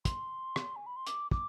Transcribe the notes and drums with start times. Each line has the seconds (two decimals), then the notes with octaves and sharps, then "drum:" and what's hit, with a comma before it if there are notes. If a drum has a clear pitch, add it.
0.05 C6, drum: kick, hi-hat
0.56 drum: rim click
0.76 G#5
0.86 B5
0.96 C6
1.07 D6, drum: hi-hat
1.31 D6, drum: kick